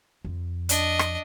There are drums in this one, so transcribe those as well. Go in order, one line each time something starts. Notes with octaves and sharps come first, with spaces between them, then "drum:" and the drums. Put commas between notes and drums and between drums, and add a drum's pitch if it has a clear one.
F2
D4 D#5, drum: hi-hat
drum: rim click